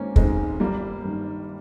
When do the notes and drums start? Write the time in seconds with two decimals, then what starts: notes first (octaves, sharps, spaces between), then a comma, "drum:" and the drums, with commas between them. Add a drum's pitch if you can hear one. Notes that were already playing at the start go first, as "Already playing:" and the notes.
Already playing: G#1 G#2 A#3 C4 C#4
0.16 G#2 D#3 G#3 C4, drum: kick
0.60 G1 G3 A#3
1.04 G2 D#3